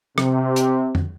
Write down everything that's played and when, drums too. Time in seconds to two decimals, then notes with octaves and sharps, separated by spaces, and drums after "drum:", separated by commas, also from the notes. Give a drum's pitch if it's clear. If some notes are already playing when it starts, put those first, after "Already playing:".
0.18 C3, drum: rim click
0.56 drum: hi-hat
0.95 drum: tom F2